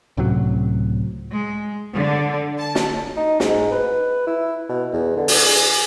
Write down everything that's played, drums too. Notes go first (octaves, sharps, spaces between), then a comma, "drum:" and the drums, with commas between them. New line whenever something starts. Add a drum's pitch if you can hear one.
C#2 A2 C3 F#3
G#3
D3
A5
drum: snare
D#4
G#2, drum: snare
B4
E4
B2
E2
D3
drum: open hi-hat
G#4